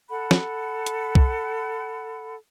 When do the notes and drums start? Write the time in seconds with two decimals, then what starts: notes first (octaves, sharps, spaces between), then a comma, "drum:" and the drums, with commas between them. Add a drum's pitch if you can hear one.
0.10 A4 F#5 B5
0.31 drum: snare
0.86 drum: hi-hat
1.15 drum: kick